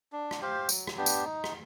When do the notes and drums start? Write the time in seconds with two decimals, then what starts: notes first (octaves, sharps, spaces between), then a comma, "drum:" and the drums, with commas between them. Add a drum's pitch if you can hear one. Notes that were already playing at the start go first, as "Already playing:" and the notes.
0.12 D4
0.31 drum: rim click
0.41 G4 C5 F5
0.69 F#3, drum: tambourine
0.87 drum: rim click
0.97 B3 D4 G4
1.06 drum: tambourine
1.25 D#4
1.44 drum: rim click